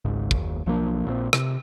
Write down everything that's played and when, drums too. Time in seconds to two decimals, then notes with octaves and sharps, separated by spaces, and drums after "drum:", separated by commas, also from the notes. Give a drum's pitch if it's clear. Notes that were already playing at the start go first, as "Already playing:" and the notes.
0.05 G#1 C#2 G#2
0.31 F#1 D#2, drum: kick
0.66 B1 F3 A#3 D4
1.05 A#1 A#2 C#3 C4
1.33 C3, drum: rim click